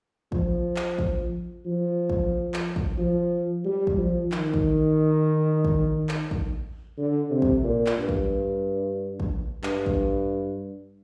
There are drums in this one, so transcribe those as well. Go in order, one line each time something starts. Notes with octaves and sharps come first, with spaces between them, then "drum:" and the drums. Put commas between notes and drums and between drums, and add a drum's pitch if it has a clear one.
F3, drum: kick
drum: clap
drum: kick
F3
drum: kick
drum: clap
drum: kick
F3
G3
drum: kick
F3
D#3, drum: clap
drum: kick
drum: kick
drum: clap
drum: kick
D3
C3
drum: kick
A#2
drum: clap
G2
drum: kick
drum: kick
G2, drum: clap
drum: kick